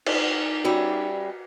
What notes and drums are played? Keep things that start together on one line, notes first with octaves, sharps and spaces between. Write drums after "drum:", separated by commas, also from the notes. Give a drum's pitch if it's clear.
D#4, drum: cymbal
G3 C#4 F#4 E5